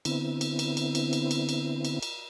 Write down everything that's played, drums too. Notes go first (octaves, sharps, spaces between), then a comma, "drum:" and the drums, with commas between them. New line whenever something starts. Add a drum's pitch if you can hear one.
D3 B3 C4 E4, drum: cymbal
drum: cymbal
drum: cymbal
drum: cymbal
drum: cymbal
drum: cymbal
drum: cymbal
drum: cymbal
drum: cymbal
drum: cymbal